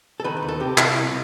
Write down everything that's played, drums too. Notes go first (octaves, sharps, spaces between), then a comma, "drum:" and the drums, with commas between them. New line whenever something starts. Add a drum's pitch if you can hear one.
A4
D#3 B4
B4
D#2
A4
C3 G4
C2 E4, drum: clap
C3